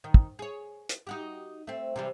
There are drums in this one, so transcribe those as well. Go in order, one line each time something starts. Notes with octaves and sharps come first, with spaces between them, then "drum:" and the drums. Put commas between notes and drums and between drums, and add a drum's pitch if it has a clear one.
D#3
drum: kick
G#4 C#5
drum: hi-hat
D#4 F#4 G4
A3 C4
C3 E3 G3